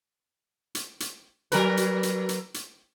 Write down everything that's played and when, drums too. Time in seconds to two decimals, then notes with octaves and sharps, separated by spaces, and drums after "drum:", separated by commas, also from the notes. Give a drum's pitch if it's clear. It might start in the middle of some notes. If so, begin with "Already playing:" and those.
0.75 drum: hi-hat
1.00 drum: hi-hat
1.52 F#3 A#4 B4, drum: hi-hat
1.77 drum: hi-hat
2.03 drum: hi-hat
2.29 drum: hi-hat
2.54 drum: hi-hat